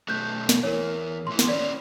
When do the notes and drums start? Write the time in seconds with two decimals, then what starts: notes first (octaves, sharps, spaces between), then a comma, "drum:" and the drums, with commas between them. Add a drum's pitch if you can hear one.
0.08 B1 A3 F#6 G6
0.49 drum: snare
0.63 E2 E3 A#4 C#5
1.27 A2 E3 C6
1.39 drum: snare
1.49 C#4 B4 D5